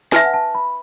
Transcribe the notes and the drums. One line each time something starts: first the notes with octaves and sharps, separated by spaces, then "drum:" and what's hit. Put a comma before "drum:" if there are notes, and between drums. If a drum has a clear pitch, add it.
D4 B4 E5 A5, drum: snare
F#5
A5
B5